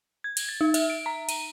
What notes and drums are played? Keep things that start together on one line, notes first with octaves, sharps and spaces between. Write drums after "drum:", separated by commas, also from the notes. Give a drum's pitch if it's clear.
G#6
drum: cymbal
A6
D#4
E5, drum: cymbal
D7
A#5
D#7, drum: cymbal